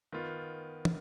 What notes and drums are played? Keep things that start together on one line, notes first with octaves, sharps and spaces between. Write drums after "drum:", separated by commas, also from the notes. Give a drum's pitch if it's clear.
D#3 B3 F4
drum: tom